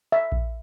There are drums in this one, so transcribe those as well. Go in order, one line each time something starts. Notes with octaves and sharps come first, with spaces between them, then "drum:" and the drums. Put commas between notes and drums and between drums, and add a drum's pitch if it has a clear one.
E5
drum: kick A#1